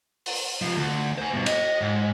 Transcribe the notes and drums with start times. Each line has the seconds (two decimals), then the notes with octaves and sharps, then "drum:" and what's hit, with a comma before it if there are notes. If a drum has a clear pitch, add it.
0.26 drum: open hi-hat
0.62 C3 F3
0.77 D2
1.18 C5 G#5
1.33 G2 B2
1.46 D#5, drum: cymbal
1.82 G#2